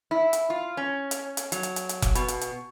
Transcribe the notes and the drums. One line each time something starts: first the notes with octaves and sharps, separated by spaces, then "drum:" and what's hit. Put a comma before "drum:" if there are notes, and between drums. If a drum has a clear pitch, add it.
E4
drum: hi-hat
F4
C#4
drum: hi-hat
drum: hi-hat
F#3, drum: hi-hat
drum: hi-hat
drum: hi-hat
drum: hi-hat
drum: kick F1, hi-hat
B2, drum: hi-hat
drum: hi-hat
drum: hi-hat